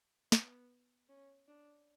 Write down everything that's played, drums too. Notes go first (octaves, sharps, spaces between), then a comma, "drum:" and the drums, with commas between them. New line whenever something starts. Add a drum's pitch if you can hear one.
B3, drum: snare
C#4
D4